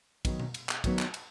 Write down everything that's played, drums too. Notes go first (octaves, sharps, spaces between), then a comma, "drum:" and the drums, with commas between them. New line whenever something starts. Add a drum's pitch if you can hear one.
D#3 F#3 B3 D#4, drum: kick, cymbal
drum: tom B2
drum: cymbal
drum: clap
D#3 F#3 B3 D#4, drum: kick, cymbal
drum: clap
drum: cymbal